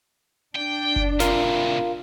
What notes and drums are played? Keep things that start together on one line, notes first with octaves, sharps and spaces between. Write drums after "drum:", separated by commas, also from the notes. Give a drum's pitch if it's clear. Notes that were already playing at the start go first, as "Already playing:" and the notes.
D4 G5
drum: kick F#1
A2 C3 F4 A#4 F5, drum: snare